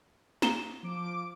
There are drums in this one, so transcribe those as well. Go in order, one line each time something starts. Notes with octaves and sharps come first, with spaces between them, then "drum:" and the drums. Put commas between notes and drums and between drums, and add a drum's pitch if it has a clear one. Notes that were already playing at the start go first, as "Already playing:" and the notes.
A#5 E7 G7, drum: snare
F3 D6 D7